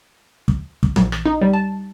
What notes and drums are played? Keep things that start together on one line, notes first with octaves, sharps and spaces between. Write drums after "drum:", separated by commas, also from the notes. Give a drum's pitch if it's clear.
drum: kick
drum: kick
A#1, drum: tom E3
drum: rim click
D#4
G3
A5